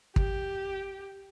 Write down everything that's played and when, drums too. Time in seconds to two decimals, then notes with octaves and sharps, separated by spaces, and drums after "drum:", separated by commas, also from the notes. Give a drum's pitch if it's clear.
0.16 G4, drum: kick